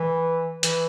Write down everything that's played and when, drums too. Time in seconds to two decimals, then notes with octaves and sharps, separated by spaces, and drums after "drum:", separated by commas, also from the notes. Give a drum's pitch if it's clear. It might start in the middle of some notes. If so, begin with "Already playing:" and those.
Already playing: E3
0.63 E3, drum: hi-hat